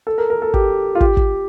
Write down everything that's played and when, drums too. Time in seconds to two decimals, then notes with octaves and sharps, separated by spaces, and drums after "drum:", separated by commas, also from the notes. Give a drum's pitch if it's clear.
0.07 A4
0.18 A#4
0.30 A#4
0.42 A4
0.54 G4, drum: kick
0.95 F4
1.00 G4, drum: kick
1.17 drum: kick